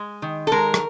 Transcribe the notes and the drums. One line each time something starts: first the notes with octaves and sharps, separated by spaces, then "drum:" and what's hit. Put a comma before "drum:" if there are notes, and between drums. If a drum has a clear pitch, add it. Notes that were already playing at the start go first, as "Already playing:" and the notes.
Already playing: G#3
D#3
A4
G#3 A#4
drum: rim click